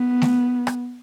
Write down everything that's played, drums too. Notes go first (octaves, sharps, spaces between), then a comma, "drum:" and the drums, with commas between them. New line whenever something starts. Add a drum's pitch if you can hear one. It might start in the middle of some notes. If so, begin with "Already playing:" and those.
Already playing: B3
drum: snare A3
drum: rim click